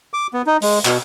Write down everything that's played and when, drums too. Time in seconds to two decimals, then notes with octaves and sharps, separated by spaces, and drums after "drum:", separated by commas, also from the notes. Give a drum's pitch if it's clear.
0.14 D6
0.34 B3
0.47 D#4
0.62 G#3, drum: open hi-hat
0.85 B2, drum: clap